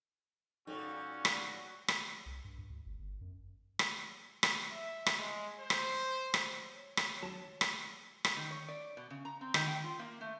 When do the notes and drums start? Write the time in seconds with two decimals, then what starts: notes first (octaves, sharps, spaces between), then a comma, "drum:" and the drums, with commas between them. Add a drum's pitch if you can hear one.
0.67 A#2 G3 C#4 D#4 F#4 A4 C#5
1.25 drum: rim click
1.88 drum: rim click
2.26 C2
2.44 G2
2.58 G2
2.70 D2
2.86 G1
2.99 G1
3.21 F#2
3.79 drum: rim click
4.43 drum: rim click
4.71 E5
5.06 drum: rim click
5.19 G#3
5.60 C5
5.70 drum: rim click
6.34 drum: rim click
6.73 C#5
6.97 drum: rim click
7.22 F#3 A5 E7
7.61 drum: rim click
8.25 drum: rim click
8.36 D#3
8.51 C#5
8.68 D5
8.97 B2
9.10 C#3
9.25 A#5
9.41 C4
9.54 D#3, drum: rim click
9.68 G5
9.84 F4
9.99 A#3
10.21 A3